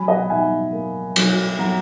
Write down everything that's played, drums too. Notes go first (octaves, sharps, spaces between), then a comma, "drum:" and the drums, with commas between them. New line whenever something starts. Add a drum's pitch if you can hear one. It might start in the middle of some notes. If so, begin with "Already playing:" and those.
Already playing: F#3 G#5 B5
D#5 F#5
F#5
D#4 E5 G#5
A#3
F#3, drum: cymbal
F#3 F#5 A#5